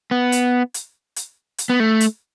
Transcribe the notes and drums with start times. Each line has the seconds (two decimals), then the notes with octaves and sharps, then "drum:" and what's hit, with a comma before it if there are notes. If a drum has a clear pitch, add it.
0.11 B3
0.32 drum: hi-hat
0.74 drum: hi-hat
1.16 drum: hi-hat
1.58 drum: hi-hat
1.69 B3
1.80 A3
2.00 drum: hi-hat